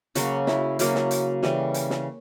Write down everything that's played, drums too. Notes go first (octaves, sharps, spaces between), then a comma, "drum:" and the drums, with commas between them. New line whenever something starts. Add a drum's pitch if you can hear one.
C#3 F#3 A#3 F#4, drum: hi-hat
E4, drum: snare
C#3 F#3 A#3, drum: hi-hat
drum: snare
drum: hi-hat
C#3 E3 G3, drum: snare
drum: hi-hat
drum: snare